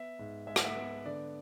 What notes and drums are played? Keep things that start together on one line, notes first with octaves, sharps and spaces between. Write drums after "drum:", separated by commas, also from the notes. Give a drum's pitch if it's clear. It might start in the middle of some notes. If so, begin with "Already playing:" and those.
Already playing: B3 E5
G#2
G#3 E5
F#5, drum: rim click
E5
B3
D3 D5